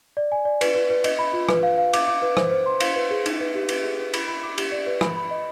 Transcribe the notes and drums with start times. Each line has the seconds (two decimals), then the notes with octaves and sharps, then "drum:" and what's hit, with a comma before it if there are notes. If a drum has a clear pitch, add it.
0.17 D5
0.32 G#5
0.45 D5
0.61 B4, drum: cymbal
0.75 B4
0.90 B4
1.04 D#5, drum: cymbal
1.19 B5
1.33 F4
1.49 B4, drum: rim click
1.63 F5
1.78 F5
1.93 D6, drum: cymbal
2.07 D6
2.22 B4
2.37 C5, drum: rim click
2.51 C5
2.66 C6
2.80 F5, drum: cymbal
2.96 B4
3.11 G#4
3.26 D#4, drum: cymbal
3.40 B4
3.55 G4
3.69 B4, drum: cymbal
3.84 G#4
3.99 B4
4.13 B5, drum: cymbal
4.28 B5
4.43 D6
4.58 G4, drum: cymbal
4.72 D5
4.87 B4
5.01 B5, drum: rim click
5.17 B5
5.31 D#5